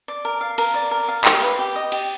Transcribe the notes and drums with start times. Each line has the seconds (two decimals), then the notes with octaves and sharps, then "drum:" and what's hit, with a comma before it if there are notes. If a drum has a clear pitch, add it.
0.08 D5
0.25 A#4
0.41 F5
0.58 A#4, drum: cymbal
0.74 D5
0.91 A#4
1.08 F5
1.25 G4, drum: clap
1.42 B4
1.59 G4
1.75 D#5
1.92 G4, drum: cymbal